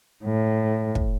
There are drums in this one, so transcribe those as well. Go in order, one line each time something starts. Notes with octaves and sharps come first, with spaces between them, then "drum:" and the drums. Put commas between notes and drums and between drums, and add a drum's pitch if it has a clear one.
A2
drum: kick